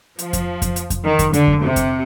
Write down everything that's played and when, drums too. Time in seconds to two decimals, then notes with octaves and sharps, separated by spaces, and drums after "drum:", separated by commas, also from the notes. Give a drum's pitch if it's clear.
0.19 F3, drum: hi-hat
0.33 drum: kick F2, hi-hat
0.62 drum: kick F2, hi-hat
0.76 drum: hi-hat
0.90 drum: kick F2, hi-hat
1.05 D#3
1.19 drum: kick F2, hi-hat
1.33 D3, drum: hi-hat
1.47 drum: kick F2
1.62 C3
1.76 drum: kick F2, hi-hat